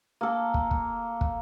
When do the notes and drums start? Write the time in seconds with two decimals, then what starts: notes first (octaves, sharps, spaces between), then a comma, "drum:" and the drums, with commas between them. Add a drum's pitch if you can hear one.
0.21 A#3 A4
0.54 drum: kick
0.71 drum: kick
1.21 drum: kick